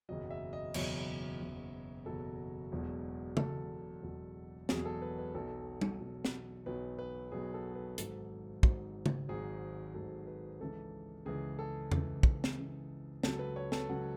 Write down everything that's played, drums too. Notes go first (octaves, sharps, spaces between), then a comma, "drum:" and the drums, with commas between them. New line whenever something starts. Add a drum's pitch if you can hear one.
F#1 E2 B2 F#3 D#5
E5
D#5
F#1 E2 B2 F#3 C#5, drum: cymbal
F#1 E2 B2 F#3
F#1 E2 B2 F#3 A4
E1 E2 B2 F#3
E1 E2 B2 F#3 A4, drum: tom
E1 E2 B2 F#3
E1 E2 B2 F#3 G#4, drum: snare
A4
B4
B4
B1 B2 F#3 A4
drum: tom G3
B1 B2 F#3
drum: snare
B1 B2 F#3 B4
B4
B1 B2 F#3 G#4
A4
B4
G#1 G#2 F#3 A4, drum: hi-hat
G#1 G#2 F#3, drum: kick
drum: tom
G#1 G#2 F#3 G#4
G#1 G#2 F#3 A4
B4
C#2 C#3 E3 A4
C#2 C#3 E3 G#4
A4
C#2 C#3 E3 A4, drum: tom E2
drum: kick
drum: snare
C#2 C#3 E3
C#2 C#3 F#3 A4, drum: snare
B4
C#5
A4, drum: snare
C#2 C#3 F#3 F#5